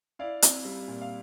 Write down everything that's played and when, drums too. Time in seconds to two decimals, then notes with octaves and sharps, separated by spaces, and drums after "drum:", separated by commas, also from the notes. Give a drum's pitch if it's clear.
0.19 E4 D5 F5
0.42 C4, drum: hi-hat
0.65 G3
0.88 A#2
1.01 F5